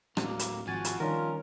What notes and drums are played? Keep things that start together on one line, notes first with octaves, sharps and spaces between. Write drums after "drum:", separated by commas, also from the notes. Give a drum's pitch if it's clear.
A2 F#3 G#3 A#3 C4 D4, drum: rim click
drum: hi-hat
G#1 F3 F#4 G#5 A6
drum: hi-hat
D#3 G3 C#4 D4 F4 A#4